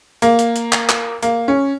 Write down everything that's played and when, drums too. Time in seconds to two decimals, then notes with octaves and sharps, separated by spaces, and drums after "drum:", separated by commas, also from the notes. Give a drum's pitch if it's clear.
0.22 A#3, drum: hi-hat
0.39 drum: hi-hat
0.56 drum: hi-hat
0.72 drum: clap
0.89 drum: clap
1.23 A#3, drum: hi-hat
1.48 C#4